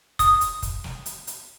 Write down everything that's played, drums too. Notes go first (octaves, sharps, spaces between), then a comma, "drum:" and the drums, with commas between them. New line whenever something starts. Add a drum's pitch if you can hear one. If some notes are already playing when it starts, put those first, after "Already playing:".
D#6, drum: kick, hi-hat
drum: hi-hat
drum: kick, hi-hat
drum: snare
drum: hi-hat
drum: hi-hat